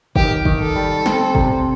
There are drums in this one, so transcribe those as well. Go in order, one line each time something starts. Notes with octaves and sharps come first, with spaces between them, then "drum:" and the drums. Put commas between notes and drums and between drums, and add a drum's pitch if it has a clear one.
D#3 G4, drum: kick G1
D#3, drum: kick G1
A4
G3
C4, drum: snare
C3, drum: kick G1